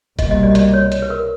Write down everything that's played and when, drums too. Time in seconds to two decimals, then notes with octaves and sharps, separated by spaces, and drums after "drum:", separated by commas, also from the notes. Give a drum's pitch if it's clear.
0.19 C2 B2 G3 A#3 D#5, drum: kick F#1, hi-hat
0.31 D#5
0.43 D5
0.51 D#5
0.55 D5, drum: hi-hat
0.74 C#5
0.92 drum: hi-hat
1.02 B4
1.10 A#4